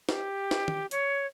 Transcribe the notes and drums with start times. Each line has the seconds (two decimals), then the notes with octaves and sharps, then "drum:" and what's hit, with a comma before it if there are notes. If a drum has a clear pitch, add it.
0.09 G4, drum: snare
0.51 drum: snare
0.68 drum: tom D#3
0.91 C#5, drum: hi-hat